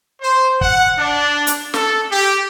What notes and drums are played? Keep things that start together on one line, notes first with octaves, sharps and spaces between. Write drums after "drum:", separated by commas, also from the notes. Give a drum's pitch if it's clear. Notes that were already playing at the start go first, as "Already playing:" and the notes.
C5
F#5, drum: kick
D4
drum: hi-hat
A4, drum: snare
G4